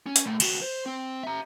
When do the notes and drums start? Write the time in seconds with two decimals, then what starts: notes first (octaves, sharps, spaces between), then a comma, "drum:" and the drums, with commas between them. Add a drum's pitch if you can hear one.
0.06 C#4
0.16 drum: hi-hat
0.25 A#2 A3
0.40 D#2 F#4, drum: cymbal
0.62 C5
0.86 C4
1.23 E5 A#5